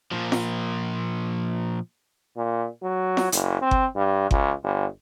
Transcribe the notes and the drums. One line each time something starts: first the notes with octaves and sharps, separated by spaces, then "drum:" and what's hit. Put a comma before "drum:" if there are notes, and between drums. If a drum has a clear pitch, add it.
A#2 F3
drum: snare F4
A#2
F#3
drum: snare F4
F#1, drum: hi-hat
C4
drum: kick G1
G2
C#2, drum: kick G1
G1